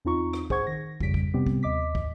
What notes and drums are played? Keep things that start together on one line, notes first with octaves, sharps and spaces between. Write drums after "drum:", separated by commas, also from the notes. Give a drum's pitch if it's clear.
E2 C4 D#4 F4 A#5 C#6
drum: rim click
G#4 C5 F#5 C#6 G#6, drum: kick
D#3 A#6
G#1 F2 C#3 G3 B6 D7, drum: kick
drum: kick
C3 G3 B3 C4 G4
drum: kick
D#2 D#5 D6 B6
drum: kick